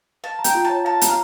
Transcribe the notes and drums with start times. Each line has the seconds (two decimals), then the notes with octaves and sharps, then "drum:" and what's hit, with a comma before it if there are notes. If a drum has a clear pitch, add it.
0.24 F5 A5
0.39 A#5
0.44 G5, drum: hi-hat
0.55 F4
0.65 C#5 A5
0.85 F5 A5
1.01 A#5, drum: hi-hat
1.08 F5